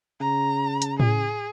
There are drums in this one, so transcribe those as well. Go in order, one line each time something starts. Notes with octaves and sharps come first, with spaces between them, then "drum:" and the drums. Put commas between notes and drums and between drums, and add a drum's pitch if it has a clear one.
C#3 A#5
drum: hi-hat
G#4, drum: tom A2